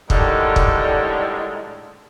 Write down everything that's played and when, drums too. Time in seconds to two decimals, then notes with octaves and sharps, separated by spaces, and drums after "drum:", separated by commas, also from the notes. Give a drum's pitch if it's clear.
0.10 A2 D3 D#3 G3 G#3, drum: kick
0.56 drum: kick